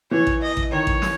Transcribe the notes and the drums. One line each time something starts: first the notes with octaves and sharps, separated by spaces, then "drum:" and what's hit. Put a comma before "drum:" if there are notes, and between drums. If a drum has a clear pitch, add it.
E3 C#5
drum: kick A1
D#5
drum: kick A1
D#3 C#5
drum: kick A1
drum: snare